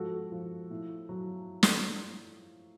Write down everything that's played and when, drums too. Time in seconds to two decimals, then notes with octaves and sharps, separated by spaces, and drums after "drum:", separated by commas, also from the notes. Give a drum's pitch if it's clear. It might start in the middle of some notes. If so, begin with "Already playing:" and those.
Already playing: G#2 F3 F#4 A4
0.32 F3
0.70 A2
1.09 F#3
1.63 drum: snare